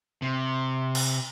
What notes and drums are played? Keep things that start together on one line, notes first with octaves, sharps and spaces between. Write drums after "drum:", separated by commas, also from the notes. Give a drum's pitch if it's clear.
C3
drum: cymbal